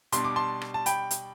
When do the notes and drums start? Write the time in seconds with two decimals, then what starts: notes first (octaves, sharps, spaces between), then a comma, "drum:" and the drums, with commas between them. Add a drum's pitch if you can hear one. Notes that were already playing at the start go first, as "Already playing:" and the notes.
0.12 B2 G3 D4 C6, drum: hi-hat
0.24 D6
0.36 A5 C6
0.62 drum: rim click
0.74 A5
0.86 G5 B5, drum: hi-hat
1.11 drum: hi-hat